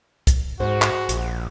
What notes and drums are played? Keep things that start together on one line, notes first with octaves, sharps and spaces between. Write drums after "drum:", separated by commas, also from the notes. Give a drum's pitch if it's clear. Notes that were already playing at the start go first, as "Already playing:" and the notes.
drum: kick, hi-hat
G#2 F#4 G#4 C5
drum: clap
A#1, drum: hi-hat